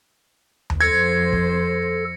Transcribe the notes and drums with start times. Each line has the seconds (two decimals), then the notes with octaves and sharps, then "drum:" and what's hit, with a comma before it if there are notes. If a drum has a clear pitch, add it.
0.70 drum: tom D#2
0.81 F2 A4 C5 G#6 A#6 C#7
1.33 drum: kick